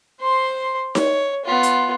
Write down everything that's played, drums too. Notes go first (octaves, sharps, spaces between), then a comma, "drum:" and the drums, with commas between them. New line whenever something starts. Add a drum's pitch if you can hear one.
C5 C6
C#5, drum: snare D#4
B3 F4
drum: hi-hat